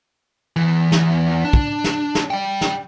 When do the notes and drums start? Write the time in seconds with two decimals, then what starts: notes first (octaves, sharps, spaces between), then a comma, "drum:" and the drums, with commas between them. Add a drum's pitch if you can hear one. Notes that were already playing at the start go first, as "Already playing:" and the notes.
0.56 E2 E3
0.92 drum: snare
1.44 D4
1.53 drum: kick
1.84 drum: snare
2.15 drum: snare
2.30 D5 G5
2.61 drum: snare